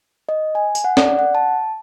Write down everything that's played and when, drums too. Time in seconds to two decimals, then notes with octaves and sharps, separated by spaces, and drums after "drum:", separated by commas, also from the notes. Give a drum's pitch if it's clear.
0.29 D#5
0.55 G#5
0.75 drum: tambourine
0.84 F#5
0.97 D5, drum: snare
1.19 F#5
1.35 A5